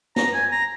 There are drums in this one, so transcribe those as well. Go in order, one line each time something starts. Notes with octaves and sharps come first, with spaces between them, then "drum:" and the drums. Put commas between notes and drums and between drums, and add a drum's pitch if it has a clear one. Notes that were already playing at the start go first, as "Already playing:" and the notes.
A#5, drum: snare
G#5
A#5